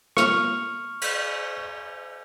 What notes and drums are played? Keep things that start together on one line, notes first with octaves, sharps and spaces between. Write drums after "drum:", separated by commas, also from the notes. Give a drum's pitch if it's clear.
C#6 F6, drum: rim click
drum: cymbal